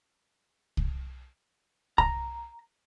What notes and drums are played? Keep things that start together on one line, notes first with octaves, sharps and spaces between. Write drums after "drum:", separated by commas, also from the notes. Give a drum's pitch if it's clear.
drum: kick C2
A#5, drum: kick C2